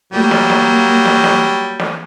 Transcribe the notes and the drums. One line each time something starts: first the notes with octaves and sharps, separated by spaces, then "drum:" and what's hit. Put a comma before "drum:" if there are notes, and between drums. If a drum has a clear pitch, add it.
F#3 G3 A#3
drum: snare
drum: snare
drum: snare
drum: snare
drum: snare